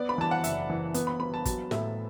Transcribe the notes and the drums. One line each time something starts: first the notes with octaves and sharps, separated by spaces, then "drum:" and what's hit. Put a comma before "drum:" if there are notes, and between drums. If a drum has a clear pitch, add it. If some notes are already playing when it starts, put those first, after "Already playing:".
Already playing: B3 D5
B5
E3 A5
F#5
F#1 E5, drum: hi-hat
E3
B3, drum: hi-hat
B5
B3 B5
A5
F#3 A5, drum: kick, hi-hat
A2 E5, drum: snare